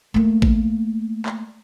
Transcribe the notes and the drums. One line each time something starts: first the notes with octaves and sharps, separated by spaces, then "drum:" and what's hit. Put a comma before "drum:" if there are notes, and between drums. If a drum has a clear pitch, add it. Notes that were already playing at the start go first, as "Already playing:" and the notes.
A3 A#3
drum: kick A1
drum: clap